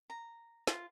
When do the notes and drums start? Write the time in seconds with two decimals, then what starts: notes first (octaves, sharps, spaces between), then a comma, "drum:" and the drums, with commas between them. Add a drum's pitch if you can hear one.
0.10 A#5
0.67 F4, drum: snare